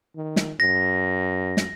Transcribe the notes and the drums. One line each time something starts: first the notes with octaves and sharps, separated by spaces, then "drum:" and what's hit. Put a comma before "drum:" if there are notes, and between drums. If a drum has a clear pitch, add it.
D#3
drum: snare
F#2 A#6
drum: snare